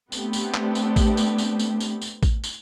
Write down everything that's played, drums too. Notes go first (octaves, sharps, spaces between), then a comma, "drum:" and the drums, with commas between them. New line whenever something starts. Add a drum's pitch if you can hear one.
A3 B3 C4 D4 G4, drum: tambourine
drum: tambourine
drum: clap
drum: tambourine
drum: kick A1, tambourine
drum: tambourine
drum: tambourine
drum: tambourine
drum: tambourine
drum: tambourine
drum: kick A1, tambourine
drum: tambourine